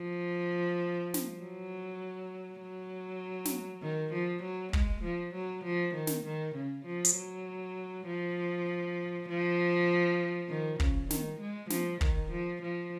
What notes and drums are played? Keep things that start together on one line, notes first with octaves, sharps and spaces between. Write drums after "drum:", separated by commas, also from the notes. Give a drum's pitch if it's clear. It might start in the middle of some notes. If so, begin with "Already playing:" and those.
Already playing: F3
drum: snare
F#3
F#3
drum: snare
D#3
F3
F#3
G#3, drum: kick
F3
F#3
F3
D#3
drum: snare
D#3
C#3
F3
drum: hi-hat
F#3
F3
F3
D#3
C#3, drum: kick
D#3, drum: snare
G#3
F3, drum: snare
D#3, drum: kick
F3
F3